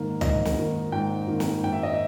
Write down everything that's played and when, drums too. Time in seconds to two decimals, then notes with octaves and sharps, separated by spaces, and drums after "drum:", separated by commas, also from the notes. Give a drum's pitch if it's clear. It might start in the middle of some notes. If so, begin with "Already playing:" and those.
Already playing: G#2 D#3 A#3
0.21 G#2 D#5, drum: tom
0.45 drum: snare
0.57 D#3 A#3
0.92 G#2 G5
1.28 D#3 A#3
1.40 drum: snare
1.63 G#2 G5
1.73 E5
1.83 D#5
1.92 E5